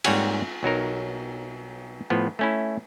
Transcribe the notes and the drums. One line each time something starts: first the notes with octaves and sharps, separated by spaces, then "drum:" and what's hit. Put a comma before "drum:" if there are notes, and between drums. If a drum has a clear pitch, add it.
G#2 G3 A#3 C#5 F#5 G#5, drum: cymbal
B1 F#3 D#4 A#4
A2 F3 B3
A3 C#4 E4